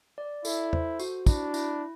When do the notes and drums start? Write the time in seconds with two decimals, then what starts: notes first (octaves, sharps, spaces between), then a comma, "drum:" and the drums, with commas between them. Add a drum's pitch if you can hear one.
0.18 D5
0.45 E4 A4, drum: tambourine
0.73 C5, drum: tom
0.99 F#4, drum: tambourine
1.26 D4 E4, drum: kick, tambourine
1.54 E4, drum: tambourine